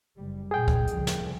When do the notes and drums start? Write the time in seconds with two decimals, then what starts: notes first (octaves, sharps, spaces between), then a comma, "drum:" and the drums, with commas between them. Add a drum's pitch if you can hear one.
0.16 F#1 G3
0.51 A#2 G#4 G5
0.68 drum: kick
0.87 C2 F2 C#3, drum: hi-hat
1.07 drum: snare